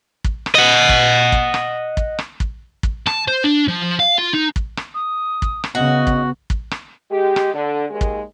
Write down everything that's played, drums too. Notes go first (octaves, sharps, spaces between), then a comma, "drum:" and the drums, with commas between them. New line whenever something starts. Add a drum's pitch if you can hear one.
drum: kick
drum: rim click
D#5 F#5
drum: kick
drum: kick
drum: rim click
drum: kick
drum: rim click
drum: kick
drum: kick
A5, drum: rim click
C5
D4
F3
F5
F4
D#4
drum: kick
drum: rim click
D#6
drum: kick
drum: rim click
C#3 B3 F#4 D#5
drum: kick
drum: kick
drum: rim click
G#3 G4
drum: rim click
D3
D#2 G#3
drum: kick